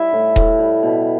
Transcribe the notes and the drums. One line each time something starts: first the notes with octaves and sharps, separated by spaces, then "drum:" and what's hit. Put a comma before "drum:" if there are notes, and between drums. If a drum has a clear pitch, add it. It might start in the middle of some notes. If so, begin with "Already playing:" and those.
Already playing: G3 E4 E5
A2
A2, drum: kick D#1
G3
B2